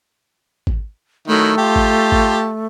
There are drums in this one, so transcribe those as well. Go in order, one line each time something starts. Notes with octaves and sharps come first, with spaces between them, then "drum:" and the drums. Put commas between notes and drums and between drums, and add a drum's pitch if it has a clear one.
drum: kick G#1
D#3 F#3 A3 E4
F4 G4 A5
drum: kick G#1
drum: kick G#1